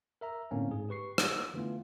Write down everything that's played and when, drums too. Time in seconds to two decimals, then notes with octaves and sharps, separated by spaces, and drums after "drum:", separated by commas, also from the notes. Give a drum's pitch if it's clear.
0.21 A#4 E5 A#5
0.51 A2 D3 A#3 C4 C#4
0.69 G#2 G#4
0.89 G4 B4 C#6 C7
1.18 E6, drum: rim click
1.54 D3 E3 A3 B3 F4